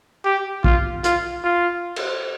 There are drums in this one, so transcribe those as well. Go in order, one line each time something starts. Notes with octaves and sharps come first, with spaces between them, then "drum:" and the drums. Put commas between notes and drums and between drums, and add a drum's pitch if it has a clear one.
G4
F4, drum: kick
F4, drum: hi-hat
F4
drum: cymbal